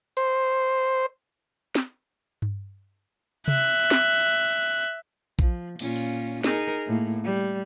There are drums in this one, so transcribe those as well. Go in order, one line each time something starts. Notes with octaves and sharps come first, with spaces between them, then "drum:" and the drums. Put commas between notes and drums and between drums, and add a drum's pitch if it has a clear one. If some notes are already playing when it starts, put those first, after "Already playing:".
C5, drum: hi-hat
drum: snare
drum: tom G2
E5 F#6, drum: tom C3
drum: snare
F3, drum: kick
A#2 C#4 F4, drum: cymbal
drum: open hi-hat
D#4 G#4 A#4, drum: snare
A2 A#3
G3